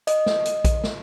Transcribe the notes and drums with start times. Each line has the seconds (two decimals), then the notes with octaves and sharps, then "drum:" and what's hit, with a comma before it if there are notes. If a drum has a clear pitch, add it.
0.07 D#5, drum: hi-hat
0.26 drum: snare
0.45 drum: hi-hat
0.65 drum: kick A#1, hi-hat
0.84 drum: snare